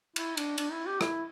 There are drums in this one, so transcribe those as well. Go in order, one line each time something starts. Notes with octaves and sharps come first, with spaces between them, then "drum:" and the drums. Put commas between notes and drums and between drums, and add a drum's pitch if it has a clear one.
E4, drum: cymbal
D4, drum: cymbal
D4, drum: cymbal
E4
G4
E4, drum: rim click